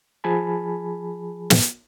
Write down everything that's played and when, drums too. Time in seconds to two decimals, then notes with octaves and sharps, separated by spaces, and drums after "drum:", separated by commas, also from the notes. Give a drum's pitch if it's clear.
0.24 F3 G#4 G#5 A5 B5
1.50 drum: snare